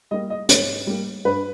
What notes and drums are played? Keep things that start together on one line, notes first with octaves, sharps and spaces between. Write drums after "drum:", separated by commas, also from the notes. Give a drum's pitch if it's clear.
G3 A#3 D#5
D#5
G#2 C#5, drum: hi-hat
G3 A#3
G2 B4